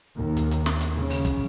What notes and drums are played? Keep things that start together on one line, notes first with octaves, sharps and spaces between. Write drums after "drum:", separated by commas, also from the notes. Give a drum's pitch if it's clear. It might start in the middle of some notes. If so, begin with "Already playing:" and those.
D#2
drum: hi-hat
drum: hi-hat
drum: snare
drum: hi-hat
C#3
drum: open hi-hat
drum: kick, hi-hat